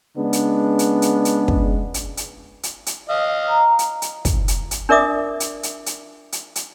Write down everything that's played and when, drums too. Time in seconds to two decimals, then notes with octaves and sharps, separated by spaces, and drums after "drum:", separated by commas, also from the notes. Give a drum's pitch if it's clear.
0.16 C#3 G#3 B3 D4
0.33 drum: hi-hat
0.79 drum: hi-hat
1.02 drum: hi-hat
1.25 drum: hi-hat
1.48 drum: kick
1.94 drum: hi-hat
2.17 drum: hi-hat
2.63 drum: hi-hat
2.86 drum: hi-hat
3.10 D#5 F5
3.49 A#5
3.79 drum: hi-hat
4.02 drum: hi-hat
4.25 drum: kick, hi-hat
4.48 drum: hi-hat
4.71 drum: hi-hat
4.89 D4 A#4 D5 E5 D6 D#6
5.40 drum: hi-hat
5.63 drum: hi-hat
5.86 drum: hi-hat
6.32 drum: hi-hat
6.56 drum: hi-hat